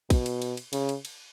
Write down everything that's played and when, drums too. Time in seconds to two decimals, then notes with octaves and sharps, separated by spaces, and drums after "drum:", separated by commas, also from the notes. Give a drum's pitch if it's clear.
0.10 B2, drum: kick, cymbal
0.26 drum: cymbal
0.42 drum: cymbal
0.57 drum: cymbal
0.73 C#3, drum: cymbal
0.89 drum: cymbal
1.05 drum: cymbal